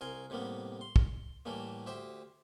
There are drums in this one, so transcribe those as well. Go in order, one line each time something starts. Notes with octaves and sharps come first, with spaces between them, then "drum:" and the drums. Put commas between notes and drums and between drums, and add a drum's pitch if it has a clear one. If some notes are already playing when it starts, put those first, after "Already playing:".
C2 A#4 G#5 C6
A2 C3 G3 A#3 B3
C6
drum: kick
A2 E3 G3 A3 A#3
D2 G4 C5 E5